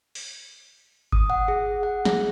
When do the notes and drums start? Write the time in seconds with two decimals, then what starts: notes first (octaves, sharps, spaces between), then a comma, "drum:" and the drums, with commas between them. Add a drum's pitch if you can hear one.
0.15 drum: open hi-hat
1.12 D#6, drum: kick G1
1.30 F#5
1.48 G#4
1.83 F#5
2.05 G#4, drum: snare